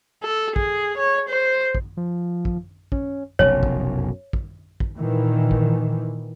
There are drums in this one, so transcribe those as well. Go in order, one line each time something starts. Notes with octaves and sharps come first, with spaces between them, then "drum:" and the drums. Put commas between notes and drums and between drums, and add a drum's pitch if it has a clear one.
A4
G#4, drum: kick
C#5
C5
drum: kick
F3
drum: kick
C#4, drum: kick
F1 B1 F#2 C#5
drum: kick
drum: kick
drum: kick
A#2 D#3 E3
drum: kick